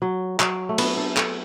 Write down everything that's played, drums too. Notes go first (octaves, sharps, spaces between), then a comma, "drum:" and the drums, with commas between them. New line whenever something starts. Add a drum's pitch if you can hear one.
F#3
F#3, drum: clap
A3
B3, drum: cymbal
A4
A4, drum: clap